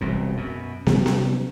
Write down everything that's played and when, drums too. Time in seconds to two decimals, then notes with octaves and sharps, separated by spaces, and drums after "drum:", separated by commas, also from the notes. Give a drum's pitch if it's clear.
0.01 E1 C2 A#2
0.37 F#2 B2
0.86 C3 F#3 G3 C#4, drum: snare
1.06 drum: snare